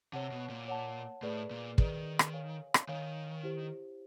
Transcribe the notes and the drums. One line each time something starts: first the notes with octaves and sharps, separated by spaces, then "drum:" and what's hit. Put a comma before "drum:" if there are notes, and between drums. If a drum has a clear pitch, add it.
C3 C#5 F#5 A5
B2
A#2
C#5 F#5 A5
A2 G#4 B4 D5
A#2
D#3 G#4 B4 D5, drum: kick
drum: rim click
C#5 F5 G#5
drum: rim click
D#3 C#5 F5 G#5
E4 G4 C5